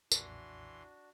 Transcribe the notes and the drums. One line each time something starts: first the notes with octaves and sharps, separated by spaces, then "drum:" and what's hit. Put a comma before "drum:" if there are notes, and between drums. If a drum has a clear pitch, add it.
B1 F2 A#2 E3 D4 F#4 C6, drum: tambourine